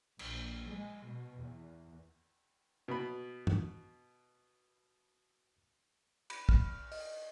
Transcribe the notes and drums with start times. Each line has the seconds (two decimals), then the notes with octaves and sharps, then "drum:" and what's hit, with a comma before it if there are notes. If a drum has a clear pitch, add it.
0.19 A#1, drum: cymbal
0.69 G#3
1.06 B2
1.43 E2
2.88 B2 B5
3.47 drum: tom G2
6.30 B5, drum: cymbal
6.49 F6, drum: kick
6.92 D#5, drum: open hi-hat